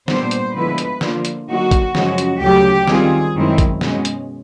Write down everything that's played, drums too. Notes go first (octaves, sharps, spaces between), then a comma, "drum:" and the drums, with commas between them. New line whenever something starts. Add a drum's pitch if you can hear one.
A#2 G3 B3 D4 C5, drum: snare
drum: hi-hat
D3 F3 G#3 B3 E4 B4
drum: hi-hat
D3 F3 A#3 D4 F4, drum: snare
drum: hi-hat
D3 F#3 A#3 D#4 F#4
drum: kick A1, hi-hat
F#2 C#3 F3 G#3 C#4 F#4, drum: snare
drum: hi-hat
D2 C#3 F#3 G4
D#3 G3 C4 F4 G#4, drum: snare
F#2 D#3 G#3 C4 E4
drum: kick A1, hi-hat
B2 G#3 C#4, drum: snare
drum: hi-hat